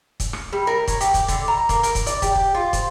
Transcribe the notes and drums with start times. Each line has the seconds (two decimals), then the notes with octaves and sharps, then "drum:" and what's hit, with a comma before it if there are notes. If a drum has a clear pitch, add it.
0.20 drum: kick, hi-hat
0.33 drum: rim click
0.53 G3
0.67 A#4
0.88 C#5, drum: kick, hi-hat
1.01 G4, drum: hi-hat
1.14 drum: kick, hi-hat
1.28 D3, drum: kick, hi-hat
1.48 A#5
1.69 A#3, drum: kick, hi-hat
1.83 A#4, drum: hi-hat
1.95 drum: kick, hi-hat
2.06 D5, drum: hi-hat
2.22 G4, drum: kick, hi-hat
2.35 drum: kick
2.55 F4
2.73 C5, drum: kick, hi-hat